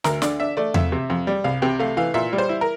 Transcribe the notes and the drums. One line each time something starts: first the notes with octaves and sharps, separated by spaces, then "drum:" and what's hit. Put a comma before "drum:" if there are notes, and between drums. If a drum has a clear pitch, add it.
D2 A#4, drum: snare
D3 D5, drum: snare
D4 E5
A3 D5
F2 E5, drum: tom E2
C3
F2
G3
C2 F5
C3 G5
A3 F5
E3 F5
A#2 E5
G3
C5
E4
A#4